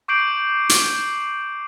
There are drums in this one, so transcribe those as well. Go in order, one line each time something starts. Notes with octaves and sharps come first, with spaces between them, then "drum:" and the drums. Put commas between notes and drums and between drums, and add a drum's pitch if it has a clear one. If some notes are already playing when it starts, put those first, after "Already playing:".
C#6 D6 G6 C7 D7 F#7
drum: hi-hat